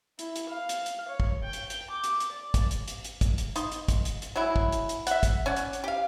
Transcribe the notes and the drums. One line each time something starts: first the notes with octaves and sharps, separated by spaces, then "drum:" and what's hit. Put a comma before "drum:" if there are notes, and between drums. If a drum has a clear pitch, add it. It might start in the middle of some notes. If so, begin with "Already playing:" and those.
E4, drum: hi-hat
drum: hi-hat
F5
drum: hi-hat
drum: hi-hat
C#5
drum: kick
G5
drum: hi-hat
drum: hi-hat
D6
drum: hi-hat
drum: hi-hat
D5
drum: kick, hi-hat
drum: hi-hat
drum: hi-hat
drum: hi-hat
drum: kick, hi-hat
drum: hi-hat
D#4 C6, drum: hi-hat
drum: hi-hat
drum: kick, hi-hat
drum: hi-hat
drum: hi-hat
F#3 G#3 E4
drum: kick
drum: hi-hat
drum: hi-hat
E5 F#5, drum: hi-hat
drum: kick, hi-hat
C#4 D5 F#5
drum: hi-hat
drum: hi-hat
G4 F5